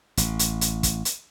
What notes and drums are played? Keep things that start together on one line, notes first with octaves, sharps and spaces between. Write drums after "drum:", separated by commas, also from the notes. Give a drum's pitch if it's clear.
A1, drum: hi-hat
drum: hi-hat
drum: hi-hat
drum: kick, hi-hat
drum: hi-hat